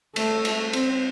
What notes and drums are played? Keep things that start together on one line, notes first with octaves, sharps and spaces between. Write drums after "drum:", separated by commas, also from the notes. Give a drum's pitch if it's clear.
A3, drum: cymbal
drum: cymbal
C4, drum: cymbal